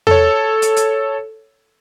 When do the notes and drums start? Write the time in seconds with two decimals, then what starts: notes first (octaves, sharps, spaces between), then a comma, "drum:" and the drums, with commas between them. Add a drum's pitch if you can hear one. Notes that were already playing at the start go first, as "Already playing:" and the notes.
0.07 A4 C#5, drum: tom E2
0.62 drum: hi-hat
0.76 drum: hi-hat